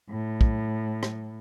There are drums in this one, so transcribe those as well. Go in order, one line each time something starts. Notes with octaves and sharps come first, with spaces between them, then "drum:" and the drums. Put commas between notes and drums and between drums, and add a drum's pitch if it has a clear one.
A2
drum: kick
drum: rim click